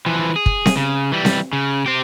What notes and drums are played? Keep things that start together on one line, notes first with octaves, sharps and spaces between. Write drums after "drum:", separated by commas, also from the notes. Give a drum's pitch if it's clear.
E3 F3
G#4
drum: kick
drum: snare C4
C#3
E3 G3
drum: snare C4
C#3
C4 G4